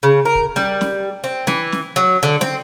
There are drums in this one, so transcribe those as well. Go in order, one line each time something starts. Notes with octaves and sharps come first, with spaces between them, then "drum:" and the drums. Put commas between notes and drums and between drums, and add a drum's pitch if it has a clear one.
C#3
A#4
drum: kick
G3, drum: snare
drum: snare
C4
E3, drum: snare
drum: snare
F#3
D3
C4, drum: snare